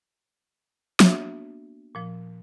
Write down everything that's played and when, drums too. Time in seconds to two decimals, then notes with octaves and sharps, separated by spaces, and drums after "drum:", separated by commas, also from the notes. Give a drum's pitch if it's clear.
1.00 A#3 B3 D4 F#4 E5, drum: snare
1.95 A#2 F3